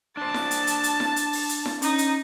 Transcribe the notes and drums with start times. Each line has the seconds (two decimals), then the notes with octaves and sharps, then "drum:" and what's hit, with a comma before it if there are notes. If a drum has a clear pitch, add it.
0.17 D4 C5 A5
0.34 drum: snare E4
0.51 drum: hi-hat
0.67 drum: hi-hat
0.84 drum: hi-hat
1.00 drum: snare E4
1.16 drum: hi-hat
1.33 drum: open hi-hat
1.49 drum: hi-hat
1.65 drum: snare E4
1.82 C#4 D#4, drum: hi-hat
1.98 drum: hi-hat